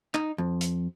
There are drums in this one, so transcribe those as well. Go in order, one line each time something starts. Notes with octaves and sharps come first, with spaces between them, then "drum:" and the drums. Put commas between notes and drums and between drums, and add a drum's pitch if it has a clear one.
D#4, drum: clap
F2
drum: hi-hat